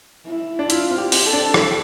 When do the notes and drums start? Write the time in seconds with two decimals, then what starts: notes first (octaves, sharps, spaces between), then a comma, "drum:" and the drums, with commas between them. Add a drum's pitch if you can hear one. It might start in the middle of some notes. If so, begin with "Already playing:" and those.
0.27 E4
0.59 D4
0.70 E4 F4, drum: hi-hat
0.90 C4
0.98 G4
1.12 C4, drum: open hi-hat
1.26 A4
1.33 D4
1.54 E4, drum: rim click